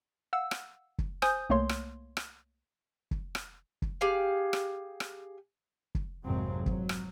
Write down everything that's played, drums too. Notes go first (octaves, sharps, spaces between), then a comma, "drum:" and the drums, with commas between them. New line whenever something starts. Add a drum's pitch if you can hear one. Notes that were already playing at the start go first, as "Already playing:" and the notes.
F5 F#5 E6
drum: rim click
drum: kick
C5 G#5 D#6 G6, drum: rim click
C2 A3 A#3 C#5 C6
drum: rim click
drum: rim click
drum: kick
drum: rim click
drum: kick
G4 G#4 F5
drum: rim click
drum: rim click
drum: kick
G#1 F2 C3 F#3 G#3 C4
F#3, drum: kick
drum: rim click